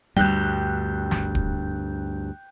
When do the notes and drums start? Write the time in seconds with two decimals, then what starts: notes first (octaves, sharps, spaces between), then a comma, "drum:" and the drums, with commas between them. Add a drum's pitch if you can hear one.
0.17 D2 G2 G3 G5 F#6 G6
1.11 drum: snare
1.35 drum: kick D1